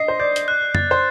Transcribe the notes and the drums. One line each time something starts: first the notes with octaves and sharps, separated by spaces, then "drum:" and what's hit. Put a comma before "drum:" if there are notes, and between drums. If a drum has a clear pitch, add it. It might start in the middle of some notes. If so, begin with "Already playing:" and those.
Already playing: D#5 C7
C5
D5 G6
drum: hi-hat
F#6
A6, drum: tom F2
C5